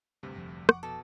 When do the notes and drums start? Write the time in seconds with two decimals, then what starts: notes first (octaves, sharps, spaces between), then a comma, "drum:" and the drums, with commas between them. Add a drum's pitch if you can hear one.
0.23 D2 G2 C3
0.36 F1 F3
0.69 F#5 C#6 D6, drum: rim click
0.83 B2 A4